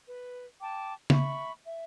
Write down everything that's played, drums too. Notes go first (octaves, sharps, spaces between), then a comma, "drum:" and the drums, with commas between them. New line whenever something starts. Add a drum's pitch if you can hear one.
B4
G5 A5 D6
E5 B5 C#6, drum: tom
E5